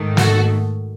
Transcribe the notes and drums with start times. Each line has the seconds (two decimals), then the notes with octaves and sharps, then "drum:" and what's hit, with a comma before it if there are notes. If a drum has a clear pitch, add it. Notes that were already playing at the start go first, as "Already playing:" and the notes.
Already playing: G#2 D#3 A3
0.17 F#4 A4, drum: snare